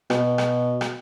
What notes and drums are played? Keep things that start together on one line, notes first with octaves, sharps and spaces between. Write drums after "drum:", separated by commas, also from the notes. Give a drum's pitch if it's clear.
B2, drum: rim click
drum: rim click
drum: rim click